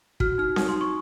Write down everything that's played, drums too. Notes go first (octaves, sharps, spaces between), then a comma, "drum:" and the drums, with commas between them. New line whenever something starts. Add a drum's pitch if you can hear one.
F#4 F6, drum: kick
D#4 F6
D#4 D#6, drum: snare C4
C6
D#4
C#6